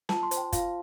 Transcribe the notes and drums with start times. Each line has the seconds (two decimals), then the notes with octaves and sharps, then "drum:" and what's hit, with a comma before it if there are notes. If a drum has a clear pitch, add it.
0.09 F4 A5, drum: snare
0.23 C6
0.31 C5, drum: hi-hat
0.37 G5
0.52 F4 F5, drum: kick, hi-hat